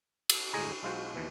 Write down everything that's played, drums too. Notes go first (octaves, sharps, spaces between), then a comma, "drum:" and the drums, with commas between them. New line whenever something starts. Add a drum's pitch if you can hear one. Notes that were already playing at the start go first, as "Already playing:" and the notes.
drum: cymbal
G1 D2 A2 G#3 G#4 A#5
B1 G#3 F4 F#4 C5
D#2 B2 E3